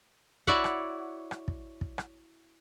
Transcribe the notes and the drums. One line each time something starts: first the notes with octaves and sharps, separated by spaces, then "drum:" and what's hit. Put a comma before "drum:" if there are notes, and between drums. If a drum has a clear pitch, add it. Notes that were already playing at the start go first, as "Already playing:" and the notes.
E4 F#4 C#5 D5 E5 F#5, drum: kick
drum: rim click
drum: rim click
drum: kick
drum: kick
drum: rim click